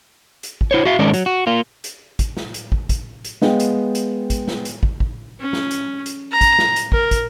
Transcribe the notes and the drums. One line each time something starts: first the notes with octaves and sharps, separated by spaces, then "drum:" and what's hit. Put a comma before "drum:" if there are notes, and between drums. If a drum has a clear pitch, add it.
drum: hi-hat
drum: kick
E4 C5 C#5
F#4 E5 F5
G#2 D#3 G#3 C#4 A#4 D5
F#3, drum: hi-hat
F#4
A#3 F4
drum: hi-hat
drum: kick, hi-hat
drum: snare
drum: hi-hat
drum: kick
drum: kick, hi-hat
drum: hi-hat
G#3 B3 F5 G5, drum: snare
drum: hi-hat
drum: hi-hat
drum: kick, hi-hat
drum: snare
drum: hi-hat
drum: kick
drum: kick
C#4
drum: snare
drum: hi-hat
drum: hi-hat
A#5
drum: kick, hi-hat
drum: snare
drum: hi-hat
A#4, drum: kick
drum: kick, hi-hat